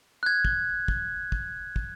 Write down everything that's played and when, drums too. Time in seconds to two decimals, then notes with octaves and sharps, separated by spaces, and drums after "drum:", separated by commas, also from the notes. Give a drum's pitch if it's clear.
0.23 F#6 G#6
0.45 drum: kick
0.88 drum: kick
1.32 drum: kick
1.76 drum: kick